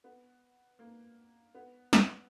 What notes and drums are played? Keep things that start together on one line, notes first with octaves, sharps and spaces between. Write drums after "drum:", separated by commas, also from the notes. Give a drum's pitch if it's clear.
B3
A#3
B3
B3, drum: snare